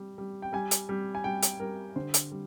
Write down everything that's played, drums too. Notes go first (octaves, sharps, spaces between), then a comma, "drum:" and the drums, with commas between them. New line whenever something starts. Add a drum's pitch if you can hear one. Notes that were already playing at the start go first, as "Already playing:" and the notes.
Already playing: G3
G3
G5
G3 G#5
drum: hi-hat
G3
G#5
G3 G5
drum: hi-hat
G3 A#4
D3 C5
drum: hi-hat
G3